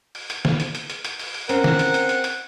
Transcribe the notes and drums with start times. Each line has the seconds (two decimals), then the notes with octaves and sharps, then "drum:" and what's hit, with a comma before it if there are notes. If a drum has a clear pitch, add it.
0.15 drum: open hi-hat
0.30 drum: hi-hat
0.45 drum: snare
0.60 drum: hi-hat
0.75 drum: hi-hat
0.90 drum: hi-hat
1.05 drum: hi-hat
1.19 drum: open hi-hat
1.34 drum: open hi-hat
1.49 C4 C#4 A#4 F#5, drum: hi-hat
1.64 drum: snare
1.79 drum: hi-hat
1.94 drum: hi-hat
2.09 drum: hi-hat
2.24 drum: hi-hat